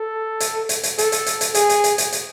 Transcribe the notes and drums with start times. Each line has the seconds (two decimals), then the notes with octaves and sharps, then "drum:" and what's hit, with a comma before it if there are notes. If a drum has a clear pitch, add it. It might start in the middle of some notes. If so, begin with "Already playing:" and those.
Already playing: A4
0.40 drum: hi-hat
0.69 drum: hi-hat
0.83 drum: hi-hat
0.98 A4, drum: hi-hat
1.12 drum: hi-hat
1.26 drum: hi-hat
1.41 drum: hi-hat
1.55 G#4, drum: hi-hat
1.69 drum: hi-hat
1.84 drum: hi-hat
1.98 drum: hi-hat
2.12 drum: hi-hat